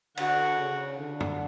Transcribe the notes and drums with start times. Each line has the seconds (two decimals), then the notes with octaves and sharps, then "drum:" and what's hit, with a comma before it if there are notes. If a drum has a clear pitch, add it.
0.17 D3 F#4, drum: cymbal
0.58 C#3
0.98 D3
1.20 drum: tom